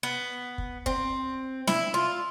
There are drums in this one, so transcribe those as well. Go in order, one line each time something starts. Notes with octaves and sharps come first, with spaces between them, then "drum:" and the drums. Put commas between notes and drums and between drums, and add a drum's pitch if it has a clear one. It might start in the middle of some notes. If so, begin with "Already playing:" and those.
B3
drum: kick
C4, drum: kick
E4, drum: snare
F4